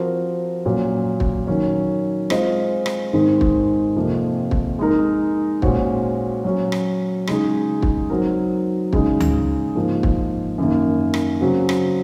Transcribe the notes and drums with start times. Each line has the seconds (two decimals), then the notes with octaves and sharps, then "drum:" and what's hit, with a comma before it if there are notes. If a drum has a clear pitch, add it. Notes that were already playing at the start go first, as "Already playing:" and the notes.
Already playing: F3 C4 F#4 A#4
0.65 A#2 F#3 C#4
1.20 drum: kick
1.47 D#3 F#3 C#4
2.30 G#3 C4 F4 C5 D#5, drum: rim click
2.86 drum: rim click
3.13 G#2 D#3 G#3 C4
3.41 drum: kick
3.96 F2 C3 F3 A#3
4.51 drum: kick
4.79 G#3 D#4 A#4
5.62 A#2 G#3 C#4 F#4 C5, drum: kick
6.44 F#3 C#4 F#4
6.72 drum: rim click
7.27 C#3 G#3 D#4 G#4, drum: rim click
7.82 drum: kick
8.10 F#3 C4 D#4 F#4 A#4
8.93 C#3 G#3 D#4, drum: kick
9.20 drum: tom C#2
9.75 G#2 F3 A#3
10.03 drum: kick
10.58 F#2 D#3 A#3
11.14 drum: rim click
11.41 C#3 F#3 C4 F#4
11.69 drum: rim click